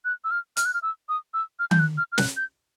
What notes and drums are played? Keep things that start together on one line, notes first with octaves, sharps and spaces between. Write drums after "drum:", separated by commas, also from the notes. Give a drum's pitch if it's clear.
F#6
E6
F6
F6, drum: hi-hat
F#6
F6
E6
D#6
E6
F6
G6, drum: tom D#3
F#6
F6
F6
F#6, drum: snare
G6